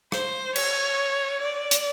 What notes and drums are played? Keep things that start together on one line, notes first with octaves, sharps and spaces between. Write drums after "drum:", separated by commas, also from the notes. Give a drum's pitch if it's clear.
C5, drum: rim click
C#5, drum: cymbal
D5
drum: hi-hat